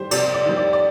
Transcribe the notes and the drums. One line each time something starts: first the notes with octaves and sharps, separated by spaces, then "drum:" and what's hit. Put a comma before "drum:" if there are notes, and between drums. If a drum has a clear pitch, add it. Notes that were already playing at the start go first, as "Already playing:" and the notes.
Already playing: D#3 G3 C5
C3 D5, drum: cymbal
D5
D#3 G3
D5
D5